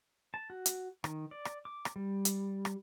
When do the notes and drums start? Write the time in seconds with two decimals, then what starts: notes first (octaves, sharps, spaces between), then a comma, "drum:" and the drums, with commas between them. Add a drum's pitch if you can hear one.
0.34 A5
0.50 F#4
0.66 drum: hi-hat
1.04 D#3, drum: rim click
1.31 D5
1.45 drum: rim click
1.65 D6
1.85 drum: rim click
1.96 G3
2.25 drum: hi-hat
2.65 drum: rim click